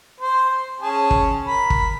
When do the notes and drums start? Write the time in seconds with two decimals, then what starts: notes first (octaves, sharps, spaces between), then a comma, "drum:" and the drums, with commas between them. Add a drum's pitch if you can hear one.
0.20 C5
0.81 C#4 G#4 A5
1.11 drum: kick
1.47 A#4 B5
1.70 drum: kick